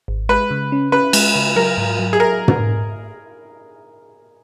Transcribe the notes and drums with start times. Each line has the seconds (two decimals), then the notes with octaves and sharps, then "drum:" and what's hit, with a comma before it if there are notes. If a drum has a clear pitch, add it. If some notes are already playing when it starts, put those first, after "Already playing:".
0.08 G#1
0.29 G#3 B4
0.51 C#3
0.72 C#4
0.92 C#4 B4
1.13 G#3, drum: cymbal
1.36 C#3
1.56 F#3 A#4
1.78 G#2
1.99 F#3
2.13 G#4
2.20 A#4
2.48 drum: tom